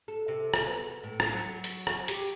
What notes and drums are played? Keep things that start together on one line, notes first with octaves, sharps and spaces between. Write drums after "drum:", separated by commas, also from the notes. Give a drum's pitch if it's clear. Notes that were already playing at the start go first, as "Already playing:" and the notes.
A4
C3
drum: rim click
B3
A2
drum: rim click
F#3
drum: hi-hat
F#4, drum: rim click
G4, drum: hi-hat